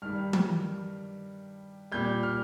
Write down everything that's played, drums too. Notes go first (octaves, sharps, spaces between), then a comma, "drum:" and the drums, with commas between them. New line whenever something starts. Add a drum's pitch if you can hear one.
G2 D#3 G3 F6
drum: tom
A#2 G3 G6
F6